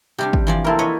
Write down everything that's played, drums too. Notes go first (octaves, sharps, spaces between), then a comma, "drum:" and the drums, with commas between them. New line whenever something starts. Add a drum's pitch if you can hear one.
C3 G3 D4 G4
drum: kick
E3 F3 D5
A#3 C4 E4 A4 A#4
B4 C#5 D#5